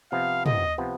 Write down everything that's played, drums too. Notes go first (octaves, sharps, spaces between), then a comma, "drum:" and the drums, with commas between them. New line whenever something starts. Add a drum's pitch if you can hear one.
C3 F3 B3 F5
D#5, drum: tom
C3 F3 B3